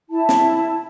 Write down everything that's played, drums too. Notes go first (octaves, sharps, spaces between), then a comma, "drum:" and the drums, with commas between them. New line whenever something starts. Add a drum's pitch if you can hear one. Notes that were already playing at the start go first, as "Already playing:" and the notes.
E4 A5
drum: snare